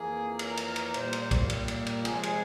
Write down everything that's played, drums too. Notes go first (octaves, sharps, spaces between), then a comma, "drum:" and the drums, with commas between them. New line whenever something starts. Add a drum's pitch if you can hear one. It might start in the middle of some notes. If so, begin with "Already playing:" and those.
Already playing: F2 E3 A#3 G#4
A#4, drum: cymbal
drum: cymbal
drum: cymbal
A#2 G3 A#3 C5, drum: cymbal
drum: cymbal
drum: kick A#1, cymbal
drum: cymbal
drum: cymbal
drum: cymbal
C3 F3 G#3 G#4, drum: cymbal
drum: cymbal